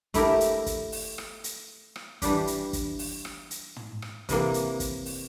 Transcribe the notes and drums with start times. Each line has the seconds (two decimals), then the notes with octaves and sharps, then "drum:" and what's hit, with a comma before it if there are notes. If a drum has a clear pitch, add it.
0.14 A3 E4 G4 A#4, drum: kick, hi-hat
0.41 drum: hi-hat
0.66 drum: kick, hi-hat
0.92 drum: open hi-hat
1.18 drum: rim click
1.44 drum: hi-hat
1.96 drum: rim click
2.22 E3 G3 D4 G4, drum: kick, hi-hat
2.47 drum: hi-hat
2.73 drum: kick, hi-hat
2.99 drum: open hi-hat
3.25 drum: rim click
3.51 drum: hi-hat
3.76 drum: tom
4.02 drum: rim click
4.29 C3 E3 A#3, drum: kick, hi-hat
4.54 drum: hi-hat
4.80 drum: kick, hi-hat
5.06 drum: open hi-hat